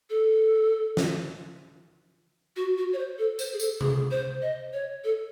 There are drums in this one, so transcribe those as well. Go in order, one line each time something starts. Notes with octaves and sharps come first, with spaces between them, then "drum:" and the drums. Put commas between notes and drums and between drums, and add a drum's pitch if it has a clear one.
A4
drum: snare
F#4
F#4
C#5
C5
A4
C5, drum: tambourine
G#4
A4, drum: tambourine
G#4, drum: tom C3
C5
D#5
C#5
A4